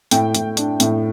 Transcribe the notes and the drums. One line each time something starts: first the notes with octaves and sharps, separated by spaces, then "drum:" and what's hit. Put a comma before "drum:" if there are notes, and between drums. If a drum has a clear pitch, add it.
A2 G5, drum: hi-hat
A2, drum: hi-hat
D4, drum: hi-hat
A2, drum: hi-hat